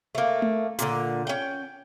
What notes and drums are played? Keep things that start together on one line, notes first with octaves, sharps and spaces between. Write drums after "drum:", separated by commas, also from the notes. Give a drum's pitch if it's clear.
A3 A#3
drum: tom A3
A#2 D3, drum: hi-hat
C#4 G5